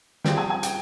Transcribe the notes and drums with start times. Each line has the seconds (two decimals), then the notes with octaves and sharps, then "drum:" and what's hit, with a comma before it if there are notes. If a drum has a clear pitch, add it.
0.25 G3 C4 F4 G#4 G5, drum: snare
0.38 G#5
0.50 G#5
0.63 G5, drum: hi-hat